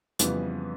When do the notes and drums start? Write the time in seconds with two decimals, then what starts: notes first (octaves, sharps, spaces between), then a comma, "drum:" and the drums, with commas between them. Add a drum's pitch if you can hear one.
0.19 F2 C#3 E3 G3 B3, drum: hi-hat